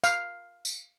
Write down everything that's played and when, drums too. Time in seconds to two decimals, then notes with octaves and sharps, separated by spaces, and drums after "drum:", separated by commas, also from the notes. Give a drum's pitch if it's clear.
0.04 F5, drum: tambourine
0.65 drum: tambourine